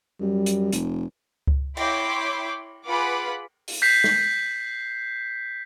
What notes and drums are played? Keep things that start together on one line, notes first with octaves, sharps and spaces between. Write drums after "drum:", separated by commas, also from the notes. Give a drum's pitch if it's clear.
F#2 G3
drum: hi-hat
F1, drum: hi-hat
drum: kick C#2
E4 C#5 G5 B5 C6 D6, drum: cymbal
F4 G#4 B4 F#5 B5 D6
drum: open hi-hat
G6 B6 C7
drum: snare